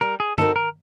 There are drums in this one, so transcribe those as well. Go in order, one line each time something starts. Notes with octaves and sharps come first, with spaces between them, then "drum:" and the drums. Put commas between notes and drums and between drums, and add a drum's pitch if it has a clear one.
G3 A#4
G#4
C4 D#4 F#4 A4 A#4, drum: tom
A#4